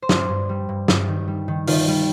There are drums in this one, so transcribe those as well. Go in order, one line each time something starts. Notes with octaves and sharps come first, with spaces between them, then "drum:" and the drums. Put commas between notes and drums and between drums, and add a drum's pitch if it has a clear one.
C5
G2 D5, drum: snare
G2
G3
G2
G2, drum: snare
D#3
G3
D#3
D#3 F4, drum: open hi-hat
G3